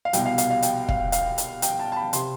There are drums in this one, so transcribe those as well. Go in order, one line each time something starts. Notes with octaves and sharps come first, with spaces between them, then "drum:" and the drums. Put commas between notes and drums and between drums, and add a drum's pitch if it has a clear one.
F5
C2 B2 G3 G5, drum: hi-hat
F5
F5, drum: hi-hat
F5
G5, drum: hi-hat
F5, drum: kick
F5, drum: hi-hat
drum: hi-hat
G5, drum: hi-hat
A5
A5
B5
C3 C6, drum: hi-hat